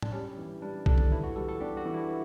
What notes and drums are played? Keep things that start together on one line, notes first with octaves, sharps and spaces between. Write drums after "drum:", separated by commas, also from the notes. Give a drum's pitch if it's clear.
D4, drum: tom A2
G3 C#4
E3
G3 D4
D4 A4, drum: kick B1
drum: tom D3
E3 E4
F#4
G3 A4
A4
D4 G4
F#4
E3
E4